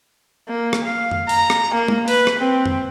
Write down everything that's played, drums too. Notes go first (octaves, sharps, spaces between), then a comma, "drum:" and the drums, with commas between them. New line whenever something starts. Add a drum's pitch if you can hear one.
A#3
drum: rim click
F5
drum: tom
A#5, drum: open hi-hat
drum: rim click
A#3
drum: tom G#3
B4, drum: open hi-hat
drum: rim click
C4
drum: tom